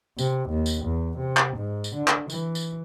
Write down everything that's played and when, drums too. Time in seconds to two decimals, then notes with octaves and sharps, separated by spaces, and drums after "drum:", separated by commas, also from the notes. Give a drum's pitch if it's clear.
0.19 C3, drum: tambourine
0.50 D#2
0.66 drum: tambourine
0.85 E2
1.19 C3
1.37 drum: clap
1.57 G#2
1.84 drum: tambourine
1.95 D3
2.08 drum: clap
2.30 E3, drum: tambourine
2.55 drum: tambourine